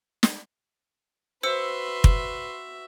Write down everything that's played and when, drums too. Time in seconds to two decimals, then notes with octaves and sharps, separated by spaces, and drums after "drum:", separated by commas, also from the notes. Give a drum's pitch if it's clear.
0.23 drum: snare
1.43 F#4 B4 C5 E5 C6 E6 C#7
2.04 drum: kick